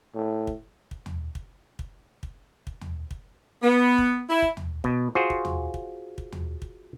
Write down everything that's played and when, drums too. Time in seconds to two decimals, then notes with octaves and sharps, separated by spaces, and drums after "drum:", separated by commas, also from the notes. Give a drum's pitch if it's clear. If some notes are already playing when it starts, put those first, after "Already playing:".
0.15 A2
0.47 drum: kick
0.91 drum: kick
1.06 drum: tom
1.35 drum: kick
1.79 drum: kick
2.23 drum: kick
2.67 drum: kick
2.81 drum: tom
3.11 drum: kick
3.63 B3
3.98 drum: kick
4.30 E4
4.42 drum: kick
4.57 drum: tom
4.84 B2, drum: kick
5.15 F4 F#4 G#4 C5
5.30 drum: kick
5.45 drum: tom
5.74 drum: kick
6.18 drum: kick
6.32 drum: tom
6.62 drum: kick